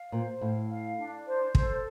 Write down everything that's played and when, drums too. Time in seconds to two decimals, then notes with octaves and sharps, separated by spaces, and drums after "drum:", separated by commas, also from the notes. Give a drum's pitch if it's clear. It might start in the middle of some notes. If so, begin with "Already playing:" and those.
Already playing: F5
0.12 A#2 C5
0.41 A2 F5
0.69 F5
0.98 D4
1.27 C5
1.55 A4, drum: kick